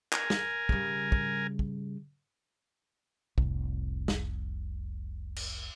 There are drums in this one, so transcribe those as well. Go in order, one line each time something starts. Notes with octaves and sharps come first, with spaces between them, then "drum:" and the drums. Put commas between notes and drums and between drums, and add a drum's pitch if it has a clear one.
A#4 G#5, drum: clap
drum: snare
C#3 G3, drum: kick
drum: kick
drum: kick
F1 C2, drum: kick
drum: snare
drum: cymbal